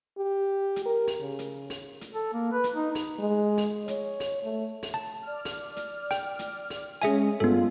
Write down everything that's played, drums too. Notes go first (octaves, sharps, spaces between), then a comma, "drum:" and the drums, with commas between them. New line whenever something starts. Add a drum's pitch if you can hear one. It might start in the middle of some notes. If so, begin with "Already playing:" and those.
G4
drum: hi-hat
A#4
drum: open hi-hat
C#3
drum: hi-hat
drum: open hi-hat
drum: hi-hat
A4
A#3
B4
drum: hi-hat
D#4
drum: open hi-hat
G#3
drum: open hi-hat
C#5, drum: hi-hat
drum: open hi-hat
A3
drum: open hi-hat
A5
D5 F6
drum: open hi-hat
drum: hi-hat
G5, drum: open hi-hat
drum: hi-hat
drum: open hi-hat
G#3 C#4 G#4 E5 G#5, drum: hi-hat
G2 G#3 B3 F4 A4